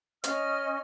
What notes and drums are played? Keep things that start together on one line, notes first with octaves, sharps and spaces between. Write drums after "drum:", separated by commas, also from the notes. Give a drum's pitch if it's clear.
C#4 D#5 F6, drum: hi-hat